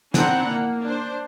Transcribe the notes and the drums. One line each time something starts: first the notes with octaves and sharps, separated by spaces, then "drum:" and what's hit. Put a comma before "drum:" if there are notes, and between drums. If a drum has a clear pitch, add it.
C4 D4 E4 F#5 A#5, drum: snare
A#3
D4 C5